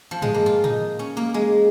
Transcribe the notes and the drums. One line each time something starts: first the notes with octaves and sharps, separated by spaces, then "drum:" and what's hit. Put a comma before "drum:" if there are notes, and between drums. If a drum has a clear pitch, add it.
F3
G#3, drum: tom
A#3
F4
D#4, drum: tom
C#4
A#3
G#3